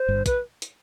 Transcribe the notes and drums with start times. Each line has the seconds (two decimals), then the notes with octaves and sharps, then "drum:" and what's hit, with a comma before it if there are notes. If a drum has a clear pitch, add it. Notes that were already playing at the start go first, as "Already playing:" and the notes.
Already playing: C5
0.09 G1 G2
0.26 B4, drum: kick, hi-hat
0.62 drum: hi-hat